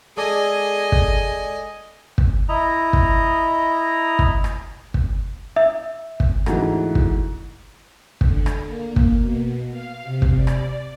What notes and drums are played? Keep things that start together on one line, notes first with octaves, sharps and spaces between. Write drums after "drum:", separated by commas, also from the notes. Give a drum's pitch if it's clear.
G#3 G#4 A4 D5 D#5 G#5
drum: kick
drum: kick
E4 D#5 A#5
drum: kick
drum: kick
drum: rim click
drum: kick
E5
drum: kick
D2 G#2 E3, drum: rim click
drum: kick
D3, drum: kick
drum: rim click
A#3
drum: kick
B2
F5
C3
drum: kick
D5
drum: rim click